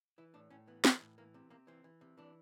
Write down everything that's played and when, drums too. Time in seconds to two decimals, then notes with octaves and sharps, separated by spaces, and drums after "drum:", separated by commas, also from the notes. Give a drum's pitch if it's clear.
0.18 E3 E4
0.34 A2 D4
0.50 A2 C#4
0.67 E3 B3
0.85 E3, drum: snare
1.02 A2
1.18 E3 A#3
1.34 C3
1.50 C3 A#3
1.67 E3 C4
1.84 E3
2.01 C3
2.18 E3 D4